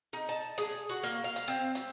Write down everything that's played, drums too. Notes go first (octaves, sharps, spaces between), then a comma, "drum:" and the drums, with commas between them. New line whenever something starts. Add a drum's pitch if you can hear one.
D#4
A5
G#4, drum: hi-hat
F#4
A#3
F5
drum: hi-hat
C4
drum: hi-hat